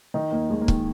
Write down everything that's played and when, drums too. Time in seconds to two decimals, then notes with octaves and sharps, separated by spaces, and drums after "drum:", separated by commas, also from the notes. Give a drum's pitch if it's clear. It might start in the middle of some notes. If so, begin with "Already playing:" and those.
0.14 D#3 D#4
0.32 D#2 A#3
0.50 D#2 G#3
0.61 A#3
0.68 D#3, drum: kick